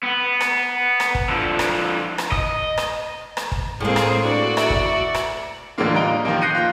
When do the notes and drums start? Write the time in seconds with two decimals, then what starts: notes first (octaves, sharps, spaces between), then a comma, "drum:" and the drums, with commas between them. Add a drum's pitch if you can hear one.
0.03 B3
0.41 drum: rim click
1.00 drum: rim click
1.15 drum: kick
1.29 D3 F3
1.59 drum: rim click
2.18 drum: rim click
2.32 D#5, drum: kick
2.78 drum: rim click
3.37 drum: rim click
3.52 drum: kick
3.80 A2 G#3 A#3 C4 G#4
3.96 drum: rim click
4.24 D4 F#4 D5
4.57 E5, drum: rim click
4.70 drum: kick
5.14 drum: rim click
5.78 A2 D3 E3 G#3 A#3 F4
5.94 G3 D#4 F4 A#5 D7 G7
6.25 D#3 F3 A#3
6.41 F#6 G6 A#6 C7 C#7 D#7
6.55 F4 G6